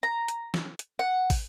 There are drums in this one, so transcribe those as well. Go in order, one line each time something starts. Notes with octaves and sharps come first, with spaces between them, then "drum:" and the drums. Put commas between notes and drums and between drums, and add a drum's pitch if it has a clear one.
A#5
drum: hi-hat
drum: snare
drum: hi-hat
F#5
drum: kick, open hi-hat